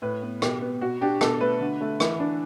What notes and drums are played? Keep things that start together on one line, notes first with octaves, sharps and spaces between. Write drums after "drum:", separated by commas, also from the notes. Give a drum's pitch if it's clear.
A2 B4
B3
B2 G4, drum: rim click
B3
B2 F#4
D4 G4
B2 A4, drum: rim click
A3 B4
D3
A3
E3, drum: rim click
D4